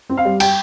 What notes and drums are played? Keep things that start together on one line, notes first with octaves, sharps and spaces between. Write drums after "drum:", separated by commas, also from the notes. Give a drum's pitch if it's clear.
C4
F5
G3
G5, drum: cymbal